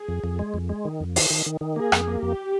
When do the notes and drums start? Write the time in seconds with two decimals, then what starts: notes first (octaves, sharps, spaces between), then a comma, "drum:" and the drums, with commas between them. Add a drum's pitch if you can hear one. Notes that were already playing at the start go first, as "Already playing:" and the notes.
Already playing: G#4
0.08 F2
0.24 F2
0.39 G#3
0.54 F2
0.69 G#3
0.85 D#3
1.00 F2
1.16 D#3, drum: open hi-hat
1.30 D#3
1.46 D#3
1.61 D#3
1.76 A#3 G#4
1.92 F2, drum: rim click
2.07 A#3
2.23 F2 G4